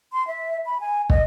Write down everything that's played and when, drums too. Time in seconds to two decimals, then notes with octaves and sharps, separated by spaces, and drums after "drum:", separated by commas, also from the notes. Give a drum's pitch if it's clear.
0.13 C6
0.27 E5
0.66 B5
0.80 G#5
1.10 D#5, drum: kick